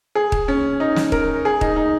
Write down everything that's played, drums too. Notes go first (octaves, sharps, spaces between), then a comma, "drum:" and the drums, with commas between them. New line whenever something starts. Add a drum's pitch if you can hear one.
G#4
drum: kick D#1
C#4
D#4
drum: snare
A#4, drum: kick D#1
G#4
D#4, drum: kick D#1
D#4